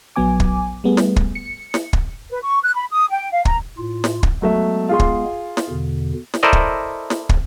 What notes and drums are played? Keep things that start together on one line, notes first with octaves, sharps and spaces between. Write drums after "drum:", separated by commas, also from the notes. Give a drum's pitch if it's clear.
A#1 F#3 B3 G#5 D6
drum: kick
G3 A3 B3 G#4
drum: snare
drum: kick
C#7
drum: snare
drum: kick
B4
C#6
F#6
B5
D#6
G5
F5
A#5, drum: kick
A2 F4
drum: snare
drum: kick
F#3 G#3 A3 B3 E5
F4 G#4 C6
drum: kick
drum: snare
E2 B2 D3
drum: snare
E4 A4 A#4 C5 D5 D#5
drum: kick
drum: snare
drum: kick